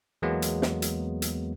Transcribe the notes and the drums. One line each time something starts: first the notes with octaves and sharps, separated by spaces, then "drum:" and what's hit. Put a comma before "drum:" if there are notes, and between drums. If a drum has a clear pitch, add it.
E2 F#3 G#3 A#3 B3
drum: hi-hat
drum: snare
drum: hi-hat
drum: hi-hat